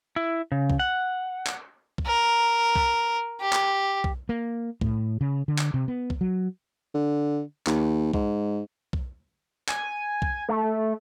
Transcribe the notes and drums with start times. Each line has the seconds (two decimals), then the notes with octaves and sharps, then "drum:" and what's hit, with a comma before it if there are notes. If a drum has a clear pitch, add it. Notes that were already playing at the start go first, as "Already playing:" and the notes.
0.16 E4
0.52 C#3
0.70 drum: kick B1
0.79 F#5
1.47 drum: clap
1.98 drum: kick B1
2.07 A#4
2.76 drum: kick B1
3.41 G4
3.53 drum: clap
4.04 drum: kick B1
4.29 A#3
4.81 A2, drum: kick B1
5.21 C#3
5.48 D3
5.59 drum: clap
5.74 C3
5.88 B3
6.10 drum: kick B1
6.21 F#3
6.94 D3
7.67 D#2, drum: clap
8.13 G#2, drum: kick B1
8.93 drum: kick B1
9.69 G#5, drum: clap
10.22 drum: kick B1
10.49 A3